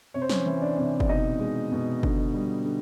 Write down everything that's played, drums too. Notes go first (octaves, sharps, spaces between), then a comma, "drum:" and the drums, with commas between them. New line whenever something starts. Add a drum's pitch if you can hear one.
C3 C#5
C5
C#4 C#5, drum: snare
E3
D4 D5
C3
D5, drum: kick
B2 D#4 D#5
G#3
B2
D3, drum: kick
G3
D3